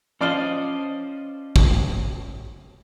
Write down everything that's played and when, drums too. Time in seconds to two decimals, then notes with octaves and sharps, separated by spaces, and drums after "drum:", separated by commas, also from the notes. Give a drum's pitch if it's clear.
0.21 F3 C#4 C5 D5 D#5 F6
1.56 drum: kick